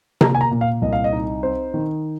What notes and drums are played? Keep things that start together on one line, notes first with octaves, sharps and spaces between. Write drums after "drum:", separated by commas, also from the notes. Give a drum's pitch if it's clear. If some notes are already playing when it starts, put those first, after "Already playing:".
A#3 A#5, drum: tom C3
G#5
A#5
A#2
F5
C2 D#5
F5
D#5
D#4
C4 C5
D#3